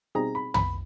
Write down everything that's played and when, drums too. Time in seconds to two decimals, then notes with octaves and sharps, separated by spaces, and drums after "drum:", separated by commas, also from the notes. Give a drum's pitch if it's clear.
0.15 B2 G3 C4 D#4 G#4 A#5
0.35 B5
0.54 B5, drum: tom